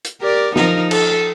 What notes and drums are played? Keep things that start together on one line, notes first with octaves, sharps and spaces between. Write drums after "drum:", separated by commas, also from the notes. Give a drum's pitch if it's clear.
drum: hi-hat
G4 A#4 D5
F3 D#4 A#4, drum: snare
A4, drum: cymbal